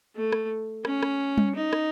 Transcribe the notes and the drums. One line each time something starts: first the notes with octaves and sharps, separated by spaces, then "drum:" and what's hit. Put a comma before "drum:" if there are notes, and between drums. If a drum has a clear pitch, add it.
A3
drum: rim click
C#4, drum: rim click
drum: rim click
drum: tom G3
D#4
drum: rim click